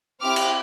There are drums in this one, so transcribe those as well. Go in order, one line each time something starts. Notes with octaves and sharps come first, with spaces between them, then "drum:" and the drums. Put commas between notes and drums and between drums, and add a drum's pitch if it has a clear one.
C4 E4 G4 D6 F6
drum: cymbal